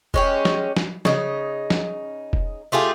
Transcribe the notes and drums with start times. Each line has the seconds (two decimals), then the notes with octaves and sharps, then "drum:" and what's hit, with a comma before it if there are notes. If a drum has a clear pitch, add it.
0.14 G#3 C#4 G4, drum: kick
0.45 drum: snare
0.77 drum: snare
1.05 C#3 D#4, drum: snare
1.70 drum: snare
2.33 drum: kick
2.72 A3 F4 G4 G#4